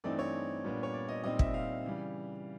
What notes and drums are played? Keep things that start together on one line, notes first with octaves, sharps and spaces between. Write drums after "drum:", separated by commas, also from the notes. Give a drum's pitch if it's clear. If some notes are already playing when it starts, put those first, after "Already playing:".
G2 E3 A3 C4 D#4 D5
C#5
A#2 G3 B3 D4
C#5
D5
D#5
A#2 G3 C4 D#4 D#5
E5, drum: kick
F5
C#3 E3 G3